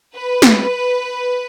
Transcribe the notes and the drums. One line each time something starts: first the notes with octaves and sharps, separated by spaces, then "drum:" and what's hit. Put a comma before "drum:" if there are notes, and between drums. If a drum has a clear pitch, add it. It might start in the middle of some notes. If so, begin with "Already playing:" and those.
B4
drum: snare